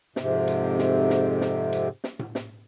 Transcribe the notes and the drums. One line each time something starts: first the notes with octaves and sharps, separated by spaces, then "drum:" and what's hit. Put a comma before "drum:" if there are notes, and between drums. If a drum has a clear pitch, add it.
F2 G#2 C3, drum: snare
drum: hi-hat
drum: snare
drum: snare
drum: snare
drum: hi-hat
drum: snare
drum: tom A2
drum: snare